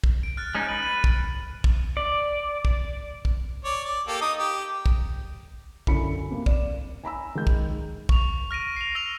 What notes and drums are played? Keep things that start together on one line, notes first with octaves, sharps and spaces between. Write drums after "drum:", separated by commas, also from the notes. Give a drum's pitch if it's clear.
drum: kick
D7
F6 F#6 A6
G#3 C#4 D#4
B4 A6
A6 D#7
drum: kick
drum: kick
D5
drum: kick
drum: kick
C#5 D5
D5
A#3 G4 A4
D#4 D#6
G4
drum: kick
F#2 D3 E4 B5 C#7, drum: kick
C3 A#3
D5 E7, drum: kick
G#5 A#5 B5 E6
D#3 G#3 G6
drum: kick
C#6 F7, drum: kick
F6 A#6 D7 D#7
C7 F7
E6 A#6 F7